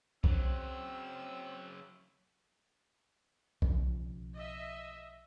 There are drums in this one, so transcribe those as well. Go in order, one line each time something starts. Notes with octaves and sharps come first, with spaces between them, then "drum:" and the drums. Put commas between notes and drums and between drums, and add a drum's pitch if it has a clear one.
C#3 F#3 C4 E6, drum: kick B1
B1 C#3 F3, drum: kick B1
D#5 E5